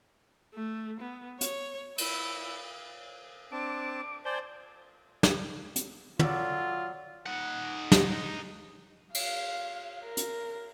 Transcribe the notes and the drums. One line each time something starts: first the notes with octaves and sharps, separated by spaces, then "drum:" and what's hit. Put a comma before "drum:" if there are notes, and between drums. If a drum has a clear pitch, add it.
A3
B3
C#5, drum: hi-hat
E4, drum: cymbal
C4 D4 A5 D6
C5 D5 G#5 A5 G6
drum: snare
drum: hi-hat
F#3 F4 A4 D5, drum: tom
D#4 F#5
drum: snare
F5, drum: cymbal
A#4
drum: hi-hat